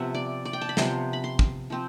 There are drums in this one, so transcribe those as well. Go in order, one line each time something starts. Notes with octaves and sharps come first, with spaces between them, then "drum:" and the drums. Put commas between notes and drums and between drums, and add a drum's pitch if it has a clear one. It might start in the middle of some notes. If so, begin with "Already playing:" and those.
Already playing: C3 F3 B3 E5
D5
D5
G5
A5
B5
C3 F3 B3 C6, drum: snare
B5
C6
drum: kick
F3 C4